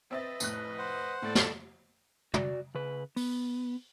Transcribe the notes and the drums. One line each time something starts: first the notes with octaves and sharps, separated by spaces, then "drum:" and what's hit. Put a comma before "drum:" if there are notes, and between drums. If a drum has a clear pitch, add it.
C4 B4 D#5 E5 A6
F1 A2 F#6, drum: tambourine
C5 F#5
A2 A4 D5
drum: snare
F#4 D5, drum: tom
C#3 B4
B3, drum: open hi-hat